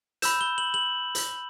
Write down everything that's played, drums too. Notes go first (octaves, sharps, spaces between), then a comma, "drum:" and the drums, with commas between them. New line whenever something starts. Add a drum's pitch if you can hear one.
B5 E6 G6 E7, drum: hi-hat
G7
F#7
F#7
drum: hi-hat